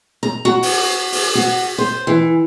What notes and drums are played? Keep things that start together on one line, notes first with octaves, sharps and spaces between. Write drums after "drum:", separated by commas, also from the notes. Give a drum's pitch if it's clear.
A#5
F#4
drum: open hi-hat
drum: open hi-hat
F#4
C5
E3